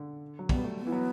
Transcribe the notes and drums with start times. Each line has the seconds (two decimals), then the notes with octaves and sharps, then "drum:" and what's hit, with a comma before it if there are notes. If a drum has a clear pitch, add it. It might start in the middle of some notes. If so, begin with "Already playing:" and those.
Already playing: D3
0.39 F#3
0.49 G3 B3, drum: kick, cymbal
0.64 A3
0.79 B3
0.87 E3
0.92 F#3